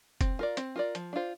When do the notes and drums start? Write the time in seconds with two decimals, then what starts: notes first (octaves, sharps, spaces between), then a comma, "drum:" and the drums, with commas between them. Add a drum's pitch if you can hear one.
0.21 C4, drum: kick, hi-hat
0.39 F4 A#4 D5
0.57 C4, drum: hi-hat
0.76 F4 A#4 D5
0.95 F3, drum: hi-hat
1.13 D4 F4 C5